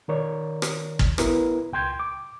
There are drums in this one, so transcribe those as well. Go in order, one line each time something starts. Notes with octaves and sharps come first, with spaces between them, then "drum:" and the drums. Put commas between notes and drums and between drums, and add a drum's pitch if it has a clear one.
D#3 A#4 C#5 D5
drum: rim click
drum: kick
B3 E4 A#4 B4, drum: rim click
C#2 G5 C6 G6 G#6
D6